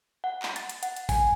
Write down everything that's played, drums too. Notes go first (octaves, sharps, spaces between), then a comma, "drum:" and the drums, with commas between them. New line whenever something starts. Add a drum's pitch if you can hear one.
F#5
drum: clap
A6, drum: hi-hat
drum: hi-hat
F#5, drum: hi-hat
drum: hi-hat
G#5, drum: kick, open hi-hat